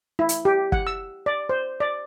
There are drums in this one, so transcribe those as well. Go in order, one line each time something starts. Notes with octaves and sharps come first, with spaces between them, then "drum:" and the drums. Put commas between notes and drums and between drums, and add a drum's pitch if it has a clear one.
E4
drum: hi-hat
G4
F#5, drum: kick
E6
D5
C5
D5